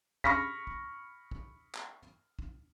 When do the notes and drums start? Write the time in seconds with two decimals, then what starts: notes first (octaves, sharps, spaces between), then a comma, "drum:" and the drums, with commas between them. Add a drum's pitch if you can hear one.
0.24 B5 C#6 F6 A#6 B6, drum: kick
0.67 drum: kick
1.31 drum: kick
1.74 drum: clap
2.39 drum: kick